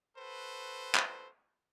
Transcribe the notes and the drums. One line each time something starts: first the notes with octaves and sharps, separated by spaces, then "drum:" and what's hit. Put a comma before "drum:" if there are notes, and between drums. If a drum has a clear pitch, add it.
F#4 A4 B4 C5
drum: clap